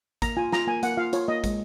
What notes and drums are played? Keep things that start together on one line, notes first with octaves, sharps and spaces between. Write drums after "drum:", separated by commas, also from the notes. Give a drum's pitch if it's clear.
A#3 A#5, drum: kick, hi-hat
F4 G#5
F4 A#5, drum: snare
A#3 G#5
A#3 F#5, drum: hi-hat
F4 F5
F4 C#5, drum: hi-hat
A#3 D#5
G#3, drum: kick, hi-hat